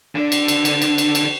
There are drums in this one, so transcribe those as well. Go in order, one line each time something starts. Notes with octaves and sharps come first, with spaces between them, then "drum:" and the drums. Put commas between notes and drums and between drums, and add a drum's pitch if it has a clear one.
D3 D4
drum: cymbal
drum: cymbal
drum: cymbal
drum: cymbal
drum: cymbal
drum: cymbal